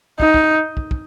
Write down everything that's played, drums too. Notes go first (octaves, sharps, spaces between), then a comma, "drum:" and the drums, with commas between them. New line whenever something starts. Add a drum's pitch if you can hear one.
D#4, drum: kick
drum: kick
drum: kick
drum: kick